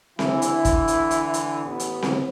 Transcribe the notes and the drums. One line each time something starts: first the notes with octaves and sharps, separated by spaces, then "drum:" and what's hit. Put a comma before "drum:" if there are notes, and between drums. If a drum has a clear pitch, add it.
D3 E3 E4, drum: snare C4
drum: hi-hat
drum: kick, hi-hat
drum: hi-hat
drum: hi-hat
drum: hi-hat
A1 B3
drum: hi-hat
drum: snare C4